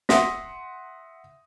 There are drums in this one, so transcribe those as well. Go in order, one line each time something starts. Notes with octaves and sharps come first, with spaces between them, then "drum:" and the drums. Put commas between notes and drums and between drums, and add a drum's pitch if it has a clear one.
E5 F#5 C6 D#6 A#6 B6, drum: snare